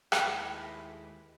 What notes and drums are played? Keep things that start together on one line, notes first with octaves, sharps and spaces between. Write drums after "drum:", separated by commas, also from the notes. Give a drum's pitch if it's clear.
D#2 A2 G#3 E4 G4 B4, drum: rim click